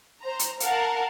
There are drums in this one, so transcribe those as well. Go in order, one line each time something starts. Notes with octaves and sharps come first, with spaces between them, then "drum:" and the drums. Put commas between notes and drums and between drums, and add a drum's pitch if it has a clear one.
C5 A#5
drum: hi-hat
A#4 F5 F#5 A5, drum: hi-hat